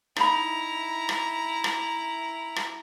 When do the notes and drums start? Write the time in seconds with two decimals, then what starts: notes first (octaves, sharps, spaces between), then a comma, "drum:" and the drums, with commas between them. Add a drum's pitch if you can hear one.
0.16 D#4 E4 A#5 B5, drum: rim click
1.09 drum: rim click
1.64 drum: rim click
2.56 drum: rim click